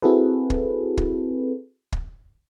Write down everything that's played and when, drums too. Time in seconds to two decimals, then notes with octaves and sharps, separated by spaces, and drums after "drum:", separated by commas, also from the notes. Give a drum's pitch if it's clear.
0.02 C4 E4 F#4 G#4 A4 B4
0.50 drum: kick
0.97 drum: kick
1.92 drum: kick